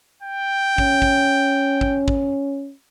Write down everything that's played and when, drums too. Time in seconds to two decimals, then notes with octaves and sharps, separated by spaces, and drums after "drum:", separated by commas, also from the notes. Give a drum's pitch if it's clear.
0.22 G5
0.78 C#4, drum: kick
1.02 drum: kick
1.81 drum: kick
2.08 drum: kick